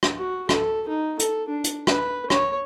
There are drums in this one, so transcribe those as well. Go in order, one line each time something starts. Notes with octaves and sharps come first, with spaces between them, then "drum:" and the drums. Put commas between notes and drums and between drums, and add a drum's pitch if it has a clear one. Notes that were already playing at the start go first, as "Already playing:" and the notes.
drum: rim click
F#4
A4, drum: rim click
D#4
A4, drum: hi-hat
D4
drum: hi-hat
B4, drum: rim click
C#5, drum: rim click